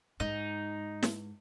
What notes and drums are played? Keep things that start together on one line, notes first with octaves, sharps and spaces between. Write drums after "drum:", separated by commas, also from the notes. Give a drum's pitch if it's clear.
G#2 D#4
drum: snare